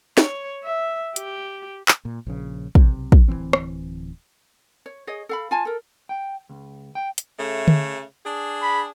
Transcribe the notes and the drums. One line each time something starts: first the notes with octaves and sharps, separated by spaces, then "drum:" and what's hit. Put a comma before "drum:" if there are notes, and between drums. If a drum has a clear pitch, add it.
C#5, drum: snare
E5
G4, drum: hi-hat
drum: clap
A#2
A#1 C#3
B1 C3, drum: kick
drum: kick
D1 C#2 E3 C4
drum: rim click
C#5
G#4 C#5 D#5
A4 F5 B5
F4 G#5 A5
A4 A#4
G5
C#2
G5
drum: hi-hat
C#3 A3
drum: tom D3
D4 G#4
B5